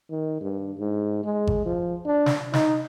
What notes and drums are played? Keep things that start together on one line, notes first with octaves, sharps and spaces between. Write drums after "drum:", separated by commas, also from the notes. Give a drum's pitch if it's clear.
D#3
G2
G#2
G#3
drum: kick G#1
F3
D4
drum: snare
D#4, drum: snare